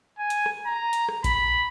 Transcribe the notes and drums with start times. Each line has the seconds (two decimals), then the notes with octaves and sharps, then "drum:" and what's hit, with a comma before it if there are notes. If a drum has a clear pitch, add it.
0.18 G#5
0.30 drum: hi-hat
0.46 drum: rim click
0.66 A#5
0.93 drum: hi-hat
1.09 drum: rim click
1.24 B5, drum: kick A#1, hi-hat